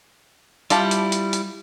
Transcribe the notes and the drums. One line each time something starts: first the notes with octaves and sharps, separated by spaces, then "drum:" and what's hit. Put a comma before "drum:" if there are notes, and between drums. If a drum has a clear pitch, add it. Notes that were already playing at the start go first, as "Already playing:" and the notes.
G3 E4 F4 G4 A5, drum: hi-hat
drum: hi-hat
drum: hi-hat
drum: hi-hat